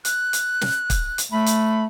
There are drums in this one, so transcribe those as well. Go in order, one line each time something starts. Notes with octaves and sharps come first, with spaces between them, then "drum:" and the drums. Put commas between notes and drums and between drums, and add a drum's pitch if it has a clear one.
F#6, drum: hi-hat
drum: hi-hat
drum: snare
drum: kick, hi-hat
drum: hi-hat
A3 B5
drum: hi-hat